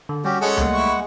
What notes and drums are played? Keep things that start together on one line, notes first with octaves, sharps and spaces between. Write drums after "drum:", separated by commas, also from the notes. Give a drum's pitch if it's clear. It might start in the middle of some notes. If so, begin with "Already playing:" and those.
D3
G3 C#4 F#4 G4
G#3 C#4 G#4 A4 F#5
G3 A3 A#3, drum: tom C#2
E4 C#6